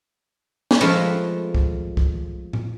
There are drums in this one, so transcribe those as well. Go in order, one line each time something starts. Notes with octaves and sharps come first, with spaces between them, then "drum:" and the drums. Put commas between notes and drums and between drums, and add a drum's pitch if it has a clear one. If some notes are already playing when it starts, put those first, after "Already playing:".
drum: snare
F3 G#3 A3 C4 F4 B4
drum: kick C2
drum: kick C2
drum: tom A2